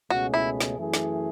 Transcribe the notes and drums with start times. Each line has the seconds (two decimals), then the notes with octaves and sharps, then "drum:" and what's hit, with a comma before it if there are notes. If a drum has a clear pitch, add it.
0.10 C#2 B2 A3 C#4 F#4 G#4
0.34 E4
0.61 drum: snare
0.77 F#2 E3 A3 E4 G#4
0.94 drum: snare